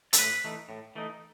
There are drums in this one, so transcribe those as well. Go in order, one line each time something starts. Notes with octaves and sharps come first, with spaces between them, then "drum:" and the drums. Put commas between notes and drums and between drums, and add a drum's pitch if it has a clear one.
A4, drum: hi-hat
A2 B4
E3 A3 D#4
A2
E3 A3 D#4